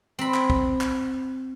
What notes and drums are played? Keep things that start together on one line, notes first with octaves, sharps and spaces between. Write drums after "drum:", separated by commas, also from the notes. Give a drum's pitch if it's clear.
C4 B5
drum: clap
drum: kick
drum: clap